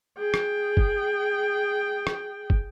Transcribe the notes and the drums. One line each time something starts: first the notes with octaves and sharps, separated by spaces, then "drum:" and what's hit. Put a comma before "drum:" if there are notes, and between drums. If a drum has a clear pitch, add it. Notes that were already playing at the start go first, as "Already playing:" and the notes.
G#4 G5
drum: rim click
drum: kick
drum: rim click
drum: kick